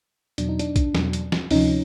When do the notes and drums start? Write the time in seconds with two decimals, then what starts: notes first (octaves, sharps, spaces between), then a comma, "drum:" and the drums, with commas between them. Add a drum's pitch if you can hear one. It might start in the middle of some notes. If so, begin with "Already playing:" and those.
0.38 E2 B2 F#3 D4, drum: hi-hat
0.49 D#4
0.59 D4, drum: hi-hat
0.76 drum: kick, hi-hat
0.95 E2 B2 F#3, drum: snare
1.13 drum: hi-hat
1.32 drum: snare
1.51 D2 C3 F3 C#4 D#4, drum: open hi-hat